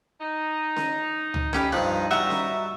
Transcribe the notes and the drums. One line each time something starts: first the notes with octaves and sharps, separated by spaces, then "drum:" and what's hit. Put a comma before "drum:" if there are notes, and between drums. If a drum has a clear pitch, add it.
D#4
drum: snare C#4
drum: tom C#2
A3 C#4 D#4 G4 B4, drum: snare C#4
G2 F3 D#4 F#6
G3 F#4 E5 A#5
drum: snare C#4